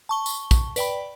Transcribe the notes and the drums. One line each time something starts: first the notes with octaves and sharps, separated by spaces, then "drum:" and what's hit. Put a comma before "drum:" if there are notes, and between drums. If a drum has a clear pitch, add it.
A5 C#6 G7
drum: tambourine
drum: kick, tambourine
B4 D5 G5 B5, drum: tambourine